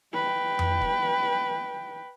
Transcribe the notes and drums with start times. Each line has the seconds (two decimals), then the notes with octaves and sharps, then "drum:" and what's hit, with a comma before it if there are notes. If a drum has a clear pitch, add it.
0.14 B4 G5
0.59 drum: tom F2
0.82 drum: kick